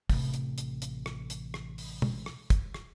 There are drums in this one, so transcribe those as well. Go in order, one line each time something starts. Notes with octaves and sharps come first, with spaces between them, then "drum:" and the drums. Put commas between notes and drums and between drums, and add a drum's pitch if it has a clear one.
A1 C3, drum: kick, open hi-hat
drum: hi-hat
drum: hi-hat
drum: hi-hat
drum: rim click
drum: hi-hat
drum: rim click
drum: open hi-hat
drum: tom B2
drum: rim click
drum: kick, hi-hat
drum: rim click